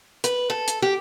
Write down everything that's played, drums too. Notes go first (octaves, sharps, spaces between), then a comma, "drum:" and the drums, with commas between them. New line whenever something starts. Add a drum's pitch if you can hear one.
B4, drum: hi-hat
A4
drum: hi-hat
G4